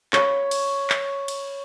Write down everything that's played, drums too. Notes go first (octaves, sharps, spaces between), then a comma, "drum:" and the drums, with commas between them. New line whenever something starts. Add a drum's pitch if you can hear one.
C#5 B5, drum: clap
drum: cymbal
drum: clap
drum: cymbal